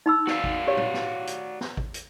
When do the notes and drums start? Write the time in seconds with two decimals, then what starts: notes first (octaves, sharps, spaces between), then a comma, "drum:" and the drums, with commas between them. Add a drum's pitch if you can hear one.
0.06 D#4 B5 E6
0.27 F#4 D5 F5, drum: snare
0.44 drum: kick G#1
0.67 G4 C#5
0.77 drum: tom A2
0.94 drum: snare
1.27 drum: hi-hat
1.61 drum: snare
1.77 drum: kick G#1
1.94 drum: hi-hat